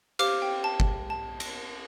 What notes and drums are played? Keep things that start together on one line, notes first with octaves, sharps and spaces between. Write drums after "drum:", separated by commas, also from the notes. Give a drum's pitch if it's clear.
G4 C5 F5 D6 F6, drum: cymbal
G5
A5
drum: kick G1
A5
drum: cymbal